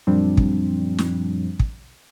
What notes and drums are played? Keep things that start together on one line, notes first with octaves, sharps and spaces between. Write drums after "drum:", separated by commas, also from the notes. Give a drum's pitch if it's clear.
F#2 A#2 F3 G3 C4 D4
drum: kick
drum: snare
drum: kick